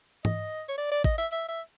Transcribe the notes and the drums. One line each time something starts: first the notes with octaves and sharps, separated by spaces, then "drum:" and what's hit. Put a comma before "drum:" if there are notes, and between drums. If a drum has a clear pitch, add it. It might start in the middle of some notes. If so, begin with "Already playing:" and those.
D#5, drum: tom G#2
C#5
D5
D5
D#5, drum: kick
E5
E5
E5